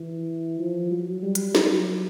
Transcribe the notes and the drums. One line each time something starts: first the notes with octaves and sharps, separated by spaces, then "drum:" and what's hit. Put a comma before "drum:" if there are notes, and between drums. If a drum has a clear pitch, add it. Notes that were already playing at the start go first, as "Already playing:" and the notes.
Already playing: E3
F3
F#3
G3
drum: hi-hat
F#3, drum: snare